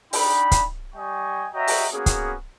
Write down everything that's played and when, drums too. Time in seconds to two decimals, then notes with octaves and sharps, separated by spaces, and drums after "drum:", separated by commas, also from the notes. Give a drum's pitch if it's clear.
0.13 D4 D#4 G5 B5, drum: open hi-hat
0.51 drum: kick, hi-hat
0.94 G3 D#5 G5 G#5 C#6
1.53 F#4 C#5 D#5 E5 G5 A#5
1.67 drum: open hi-hat
1.92 A#3 B3 C#4 F#4 G#4
2.06 drum: kick, hi-hat